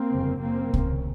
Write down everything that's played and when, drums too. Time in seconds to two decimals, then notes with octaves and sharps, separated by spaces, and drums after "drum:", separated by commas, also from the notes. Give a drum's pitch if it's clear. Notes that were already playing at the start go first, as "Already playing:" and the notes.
Already playing: A#3 C4
0.10 G1 F2 C#3
0.41 F#1 F#2 C#3 A#3 C4
0.74 F1 D#2 C#3, drum: kick C2